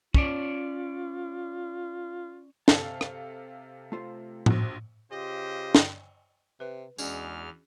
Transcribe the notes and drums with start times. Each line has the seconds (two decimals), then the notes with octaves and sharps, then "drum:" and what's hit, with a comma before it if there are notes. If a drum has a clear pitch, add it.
0.14 C#4 F4 C#5 D5, drum: kick
2.68 C3 A4 F5 A5, drum: snare
3.01 drum: rim click
3.92 A3 F4 C5
4.46 A#1 F#4, drum: tom A2
5.12 C#3 F4 G4 C5 D#5
5.75 drum: snare
6.60 C3 B4
6.98 E2 G#3 C#4 D4 F#4 G#4 F6, drum: tambourine